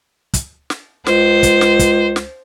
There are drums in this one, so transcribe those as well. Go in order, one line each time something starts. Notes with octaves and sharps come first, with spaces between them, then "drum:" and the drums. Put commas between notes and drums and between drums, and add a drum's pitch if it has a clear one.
drum: kick, hi-hat
drum: snare
C#2 C5, drum: snare
drum: kick, hi-hat
drum: snare
drum: kick, hi-hat
drum: snare